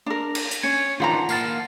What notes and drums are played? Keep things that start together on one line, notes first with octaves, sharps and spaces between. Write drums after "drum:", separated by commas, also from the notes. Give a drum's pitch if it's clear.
D4 A#4
drum: cymbal
drum: hi-hat
C#4 C#5
D#3 E3 D4 F4 F#5 A#5
A#3 F5 A5, drum: tambourine